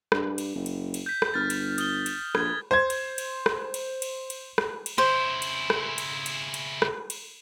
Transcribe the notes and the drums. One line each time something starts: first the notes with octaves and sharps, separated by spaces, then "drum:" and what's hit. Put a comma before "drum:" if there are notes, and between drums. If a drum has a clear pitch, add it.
G2, drum: rim click
drum: cymbal
F#1
drum: cymbal
drum: cymbal
G6 B6
drum: rim click
G1 F6 A6
drum: cymbal
D#6 G7, drum: cymbal
drum: cymbal
A#1 G#6, drum: rim click
C5 G#6
drum: cymbal
drum: cymbal
drum: rim click
drum: cymbal
drum: cymbal
drum: cymbal
drum: rim click
drum: cymbal
C#3 E4 C5
drum: cymbal
drum: rim click
drum: cymbal
drum: cymbal
drum: cymbal
drum: rim click
drum: cymbal